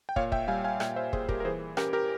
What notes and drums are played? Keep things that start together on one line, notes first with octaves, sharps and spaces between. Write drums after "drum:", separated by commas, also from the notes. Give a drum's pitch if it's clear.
G5
A#2 C#5 F5, drum: kick
E5 G5, drum: kick
G3 F5 G#5
F5 G#5
A#2 E5 G5, drum: rim click
C5 E5
A#2 G#4 C5, drum: kick
G4 A#4, drum: kick
A#4
E3 G#4 C5
C#4 G4 A#4, drum: rim click
G4 A#4